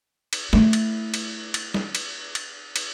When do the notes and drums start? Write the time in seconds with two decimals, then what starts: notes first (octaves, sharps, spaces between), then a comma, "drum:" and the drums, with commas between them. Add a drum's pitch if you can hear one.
0.33 drum: cymbal
0.53 A3 E4, drum: snare
0.73 drum: cymbal
1.14 drum: cymbal
1.54 drum: cymbal
1.74 drum: snare
1.95 drum: cymbal
2.35 drum: cymbal
2.76 drum: cymbal